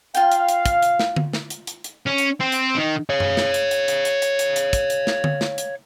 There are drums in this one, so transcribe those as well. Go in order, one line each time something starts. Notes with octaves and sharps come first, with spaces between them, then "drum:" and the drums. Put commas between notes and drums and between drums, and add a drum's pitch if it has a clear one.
F4 F5 G5, drum: hi-hat
drum: hi-hat
drum: hi-hat
drum: kick, hi-hat
drum: hi-hat
drum: snare
drum: tom D3
drum: snare
drum: hi-hat
drum: hi-hat
drum: hi-hat
C#4
drum: hi-hat
C4
drum: hi-hat
D#3
C#5 F5
drum: tom F#2
drum: snare
drum: hi-hat
drum: hi-hat
drum: hi-hat
drum: hi-hat
drum: hi-hat
drum: hi-hat
drum: hi-hat
drum: kick, hi-hat
drum: hi-hat
drum: snare
drum: tom D3
drum: snare
drum: hi-hat